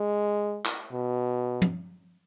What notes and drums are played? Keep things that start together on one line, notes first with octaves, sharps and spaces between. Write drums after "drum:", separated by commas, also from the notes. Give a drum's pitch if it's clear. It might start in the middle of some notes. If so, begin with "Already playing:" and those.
Already playing: G#3
drum: clap
B2
drum: tom